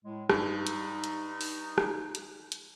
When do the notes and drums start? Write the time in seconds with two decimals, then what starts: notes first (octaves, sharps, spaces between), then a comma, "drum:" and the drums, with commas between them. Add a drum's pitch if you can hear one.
0.05 A2 G#3
0.30 G2 D#4, drum: rim click
0.67 drum: hi-hat
1.04 drum: hi-hat
1.41 drum: open hi-hat
1.78 drum: rim click
2.15 drum: hi-hat
2.52 drum: hi-hat